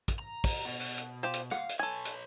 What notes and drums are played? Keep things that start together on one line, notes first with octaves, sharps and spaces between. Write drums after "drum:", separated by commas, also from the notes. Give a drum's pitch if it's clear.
drum: kick, hi-hat
A#5
drum: kick, open hi-hat
B2
drum: open hi-hat
drum: hi-hat
F4 G4 C5
drum: hi-hat
F5 F#5, drum: rim click
drum: hi-hat
A4 B4 C#5 G#5
drum: hi-hat